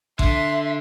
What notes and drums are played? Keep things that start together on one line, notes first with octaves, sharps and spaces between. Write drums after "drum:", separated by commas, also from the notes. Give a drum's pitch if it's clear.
D3 E5 C6, drum: kick G#1